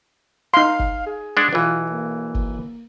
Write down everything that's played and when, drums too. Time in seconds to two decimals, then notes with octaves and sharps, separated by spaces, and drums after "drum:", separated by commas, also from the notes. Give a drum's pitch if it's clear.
0.54 D#4 F5 C6
0.79 drum: kick
1.06 G#4
1.37 G#3 D4 F#5
1.53 B1 E3 F4
1.90 A#3
2.35 drum: kick